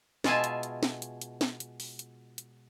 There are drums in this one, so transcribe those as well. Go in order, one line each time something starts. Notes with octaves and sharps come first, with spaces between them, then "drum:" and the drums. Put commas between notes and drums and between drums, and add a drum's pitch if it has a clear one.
B2 G#3 F4 E5 G#5 A5, drum: snare
drum: hi-hat
drum: hi-hat
drum: snare
drum: hi-hat
drum: hi-hat
drum: snare
drum: hi-hat
drum: open hi-hat
drum: hi-hat
drum: hi-hat